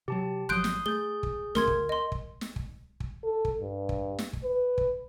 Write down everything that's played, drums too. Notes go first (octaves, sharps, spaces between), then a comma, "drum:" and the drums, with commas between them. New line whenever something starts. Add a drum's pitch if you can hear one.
C3 F#3 G4 A5
G#1 F3 F#3 C6 D#6 F#6 G6 D7
drum: snare
A3 G#4 G6 G7
drum: kick
D2 A3 C4 A#4 C6 G#6, drum: snare
drum: kick
D#5 C6
drum: kick
drum: snare
drum: kick
drum: kick
A4
drum: kick
G2
drum: kick
drum: snare
drum: kick
B4
drum: kick